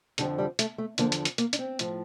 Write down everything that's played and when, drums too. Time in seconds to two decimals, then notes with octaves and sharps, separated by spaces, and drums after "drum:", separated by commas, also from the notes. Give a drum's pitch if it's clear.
0.18 F2 D3 F3 G3, drum: hi-hat
0.38 G3
0.59 A3, drum: hi-hat
0.78 A3
0.98 E2 D3 F3 A#3, drum: hi-hat
1.12 drum: hi-hat
1.25 drum: hi-hat
1.38 A#3, drum: hi-hat
1.53 D4, drum: hi-hat
1.59 C4
1.79 A2 F3, drum: hi-hat